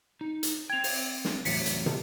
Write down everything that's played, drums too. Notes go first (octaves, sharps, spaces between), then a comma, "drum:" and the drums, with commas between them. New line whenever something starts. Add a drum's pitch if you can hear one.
D#4
drum: hi-hat
C4 G5 G#6 F7
drum: open hi-hat
drum: snare
E2 A2 F#3 B6 C#7, drum: open hi-hat
drum: hi-hat
drum: tom